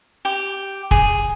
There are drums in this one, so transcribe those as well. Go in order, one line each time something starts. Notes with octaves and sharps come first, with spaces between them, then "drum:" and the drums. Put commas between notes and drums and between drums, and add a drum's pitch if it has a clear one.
G4
G#4, drum: kick